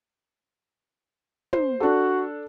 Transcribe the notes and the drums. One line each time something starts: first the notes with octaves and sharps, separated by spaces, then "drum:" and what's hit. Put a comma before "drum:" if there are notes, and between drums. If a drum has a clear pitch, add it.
C5, drum: tom
D4 F#4 A4